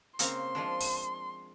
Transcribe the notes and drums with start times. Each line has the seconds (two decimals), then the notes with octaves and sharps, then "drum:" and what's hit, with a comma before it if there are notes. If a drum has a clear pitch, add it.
0.19 C#3 A#3 C4 C6, drum: hi-hat
0.55 F3 G#3 D4
0.81 drum: open hi-hat